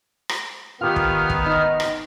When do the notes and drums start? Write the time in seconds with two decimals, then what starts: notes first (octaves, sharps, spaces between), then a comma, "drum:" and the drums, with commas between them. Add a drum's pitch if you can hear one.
0.29 drum: rim click
0.81 D#3 B3 F4 G4 F6
0.96 drum: kick
1.30 drum: kick
1.46 D#4 D#5
1.80 drum: rim click